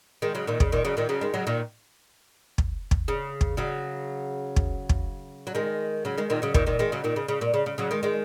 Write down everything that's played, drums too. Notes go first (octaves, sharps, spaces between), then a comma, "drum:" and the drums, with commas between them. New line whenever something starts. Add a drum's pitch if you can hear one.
D#3 G#3
C#3 F#3
A#2 D#3
C#3, drum: kick
A#2 D#3
C#3 F#3
A#2 D#3
C#3 F#3
D#3 G#3
C#3 F#3
A#2 D#3
drum: kick
drum: kick
C#3
drum: kick
C#3 F#3
drum: kick
drum: kick
F#3
D#3 G#3
C#3 F#3
D#3 G#3
A#2 D#3
C#3 F#3
A#2 D#3, drum: kick
A#2 D#3
D#3 G#3
C#3 F#3
A#2 D#3
C#3
C#3
A#2
C#3
C#3
C#3 F#3
D#3 G#3
D#3 G#3